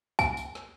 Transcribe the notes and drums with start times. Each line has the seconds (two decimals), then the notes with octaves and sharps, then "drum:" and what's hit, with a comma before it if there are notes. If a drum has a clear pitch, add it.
0.19 G#5, drum: kick, tambourine
0.37 drum: tambourine
0.55 drum: snare